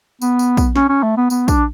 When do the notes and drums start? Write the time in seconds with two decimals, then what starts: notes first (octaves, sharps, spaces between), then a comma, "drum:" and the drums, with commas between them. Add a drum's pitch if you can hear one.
0.22 B3, drum: tambourine
0.39 drum: tambourine
0.57 drum: kick, tambourine
0.76 C#4, drum: snare
0.89 C#4
1.03 A3
1.17 B3
1.30 B3, drum: tambourine
1.48 D4, drum: kick, tambourine